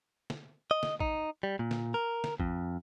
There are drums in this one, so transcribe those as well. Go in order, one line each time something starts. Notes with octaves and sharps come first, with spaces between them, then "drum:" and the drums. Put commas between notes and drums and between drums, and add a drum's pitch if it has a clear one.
drum: snare
D#5
drum: snare
D#4, drum: kick
G3
A#2
drum: snare
A#4
drum: snare
F2, drum: kick